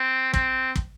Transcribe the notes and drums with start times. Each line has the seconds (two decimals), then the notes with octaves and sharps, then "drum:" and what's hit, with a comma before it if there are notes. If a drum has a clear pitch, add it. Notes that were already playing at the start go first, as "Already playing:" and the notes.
Already playing: C4
0.34 C4, drum: kick
0.76 drum: kick